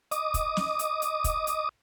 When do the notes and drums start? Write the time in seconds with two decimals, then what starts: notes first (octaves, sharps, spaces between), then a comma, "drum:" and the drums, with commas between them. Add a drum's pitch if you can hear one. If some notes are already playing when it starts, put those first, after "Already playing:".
0.11 D#5 D6 D#6, drum: hi-hat
0.34 drum: kick, hi-hat
0.57 drum: snare
0.79 drum: hi-hat
1.02 drum: hi-hat
1.24 drum: kick, hi-hat
1.47 drum: hi-hat